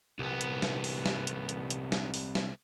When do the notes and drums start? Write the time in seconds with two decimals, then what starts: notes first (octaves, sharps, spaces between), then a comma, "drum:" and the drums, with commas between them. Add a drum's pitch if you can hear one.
0.19 C2 B3
0.41 drum: hi-hat
0.62 drum: snare
0.84 drum: open hi-hat
1.06 drum: snare
1.27 drum: hi-hat
1.49 drum: hi-hat
1.70 drum: hi-hat
1.92 drum: snare
2.14 drum: open hi-hat
2.35 drum: snare